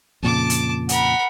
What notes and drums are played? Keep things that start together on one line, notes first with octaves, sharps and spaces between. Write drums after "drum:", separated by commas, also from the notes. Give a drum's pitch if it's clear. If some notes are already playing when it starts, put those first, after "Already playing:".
F2 A#2 C#3 A5 D6
drum: hi-hat
A#4 F#5 B5, drum: hi-hat